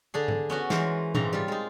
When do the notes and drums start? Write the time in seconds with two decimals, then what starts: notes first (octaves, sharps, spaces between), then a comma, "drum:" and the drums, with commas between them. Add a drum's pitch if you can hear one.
0.14 D3 D4 G#4
0.28 drum: tom G#2
0.50 B3 C#4 F#4
0.70 E3 G#3 A#4 C5, drum: snare
1.15 G#2 C#3 E3 C4 A#5, drum: tom A#2
1.33 G3 F4
1.48 G#3 D#4